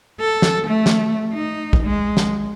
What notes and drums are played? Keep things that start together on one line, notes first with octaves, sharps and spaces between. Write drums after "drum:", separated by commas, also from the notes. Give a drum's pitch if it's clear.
A4
drum: snare
A3
drum: snare
D#4
drum: kick
G#3
drum: snare